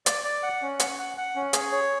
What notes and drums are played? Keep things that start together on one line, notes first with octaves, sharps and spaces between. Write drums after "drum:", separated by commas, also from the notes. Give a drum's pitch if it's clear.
D5, drum: hi-hat
D5
F#5
C#4
F#5, drum: hi-hat
F#5
F#5
C#4
G#4, drum: hi-hat
C#5